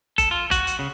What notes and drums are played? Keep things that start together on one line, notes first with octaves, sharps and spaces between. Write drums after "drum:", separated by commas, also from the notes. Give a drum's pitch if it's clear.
A4, drum: kick F#1, hi-hat
F4
F#4, drum: kick F#1, hi-hat
drum: hi-hat
C#3